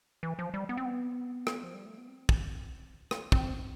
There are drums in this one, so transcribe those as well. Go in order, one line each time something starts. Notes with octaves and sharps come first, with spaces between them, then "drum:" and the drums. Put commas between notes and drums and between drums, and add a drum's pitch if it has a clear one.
E3
F3
G3
B3
C4
B3
drum: rim click
F3
G3
A3
B3
C4
drum: kick
drum: rim click
C4, drum: kick